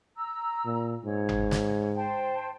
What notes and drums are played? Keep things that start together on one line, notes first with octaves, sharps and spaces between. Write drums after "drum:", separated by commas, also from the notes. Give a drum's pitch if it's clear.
A#5 E6
A#2
G#2 C#5
drum: tom G#1
drum: snare
C5 G5 A5